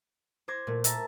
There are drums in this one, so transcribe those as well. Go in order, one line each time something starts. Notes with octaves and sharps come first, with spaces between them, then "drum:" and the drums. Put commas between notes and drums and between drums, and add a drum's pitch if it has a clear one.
C5 D6 G#6 A#6
A#2 A3
E5 A5 A#5 A6, drum: hi-hat